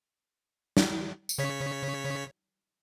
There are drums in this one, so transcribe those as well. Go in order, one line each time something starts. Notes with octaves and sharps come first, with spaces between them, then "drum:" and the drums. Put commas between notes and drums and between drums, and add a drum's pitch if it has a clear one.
drum: snare
drum: tambourine
C#3 C#5 B6